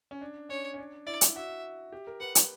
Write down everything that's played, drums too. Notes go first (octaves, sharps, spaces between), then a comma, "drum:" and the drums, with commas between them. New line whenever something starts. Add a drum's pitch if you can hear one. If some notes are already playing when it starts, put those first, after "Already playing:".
C#4
D4
C#4 C#5
C#4
D4
E4 D5
drum: hi-hat
F#4 E5
G4
A#4
B4 F#5
drum: hi-hat